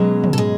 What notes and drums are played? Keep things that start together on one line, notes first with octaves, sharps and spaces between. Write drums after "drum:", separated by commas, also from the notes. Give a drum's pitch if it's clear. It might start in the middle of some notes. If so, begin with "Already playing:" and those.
Already playing: B2 F#3 G#3 C#4 G#4
drum: tom
A4
G#3 G#4